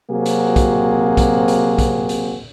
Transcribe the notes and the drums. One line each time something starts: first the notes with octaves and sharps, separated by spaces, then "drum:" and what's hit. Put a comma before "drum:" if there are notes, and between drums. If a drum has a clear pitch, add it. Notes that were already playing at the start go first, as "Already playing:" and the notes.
C3 F#3 A#3 C4 F#4 G#4
drum: hi-hat
drum: kick, hi-hat
drum: kick, hi-hat
drum: hi-hat
drum: kick, hi-hat
drum: hi-hat